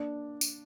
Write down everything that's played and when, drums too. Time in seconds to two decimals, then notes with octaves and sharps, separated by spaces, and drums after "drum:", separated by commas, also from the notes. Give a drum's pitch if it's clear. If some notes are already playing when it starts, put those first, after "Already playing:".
Already playing: A#3 D4 D5
0.41 drum: tambourine